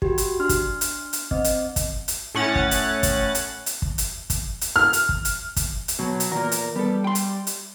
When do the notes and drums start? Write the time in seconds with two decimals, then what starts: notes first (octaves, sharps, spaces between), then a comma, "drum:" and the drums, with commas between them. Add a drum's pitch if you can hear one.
0.02 F#4 G4, drum: kick
0.18 drum: hi-hat
0.40 D4 C6 F6
0.49 drum: kick, hi-hat
0.81 drum: hi-hat
1.13 drum: hi-hat
1.31 C4 D#5, drum: kick
1.44 drum: hi-hat
1.76 drum: kick, hi-hat
2.08 drum: hi-hat
2.35 A2 C#4 F#5 A6
2.55 drum: kick
2.71 drum: hi-hat
3.03 drum: kick, hi-hat
3.35 drum: hi-hat
3.66 drum: hi-hat
3.82 drum: kick
3.98 drum: hi-hat
4.30 drum: kick, hi-hat
4.61 drum: hi-hat
4.76 F6
4.93 drum: hi-hat
5.09 drum: kick
5.25 drum: hi-hat
5.56 drum: kick, hi-hat
5.88 drum: hi-hat
5.99 B2 F#3
6.20 drum: hi-hat
6.32 E2 A#2 A#4
6.52 drum: hi-hat
6.76 G3 B3 A4
7.04 G5 C6
7.15 drum: hi-hat
7.47 drum: hi-hat